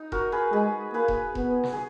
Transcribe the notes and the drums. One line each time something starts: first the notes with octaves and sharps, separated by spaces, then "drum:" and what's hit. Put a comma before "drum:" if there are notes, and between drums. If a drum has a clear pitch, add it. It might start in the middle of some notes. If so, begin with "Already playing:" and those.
Already playing: D#4
F#4 A#4, drum: kick E1
G#4 B4
G#3 G#4 B4
A#3 G#4 B4
drum: kick E1
B3, drum: kick E1
drum: snare
G#4